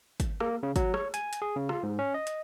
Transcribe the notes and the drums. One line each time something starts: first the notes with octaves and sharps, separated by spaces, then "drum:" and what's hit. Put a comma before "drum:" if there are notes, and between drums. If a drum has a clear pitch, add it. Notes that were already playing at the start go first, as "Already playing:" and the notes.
drum: kick, hi-hat
A#3, drum: rim click
C#3
F#3, drum: kick, hi-hat
C#5, drum: rim click
G#5, drum: hi-hat
drum: hi-hat
G#4
C#3
F4, drum: rim click
G#2
C#4
D#5
drum: hi-hat